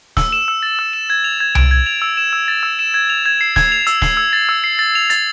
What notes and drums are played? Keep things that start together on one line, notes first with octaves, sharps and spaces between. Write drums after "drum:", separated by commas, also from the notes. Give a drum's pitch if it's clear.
E6, drum: snare
E7
E6
A6
E6
E7
G#6
F7
G#6
D7, drum: tom C2
G#6
F7
E6
E7
E6
A6
E6
E7
G#6
F7
G#6
C7
G#6, drum: snare
F7
E6, drum: hi-hat
C7, drum: snare
E6
A6
E6
C7
A6
F7
A6, drum: hi-hat